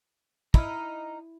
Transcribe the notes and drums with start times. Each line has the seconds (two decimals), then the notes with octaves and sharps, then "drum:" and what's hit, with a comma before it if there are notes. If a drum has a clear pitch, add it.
0.54 D#4 E4 A#5 F6, drum: kick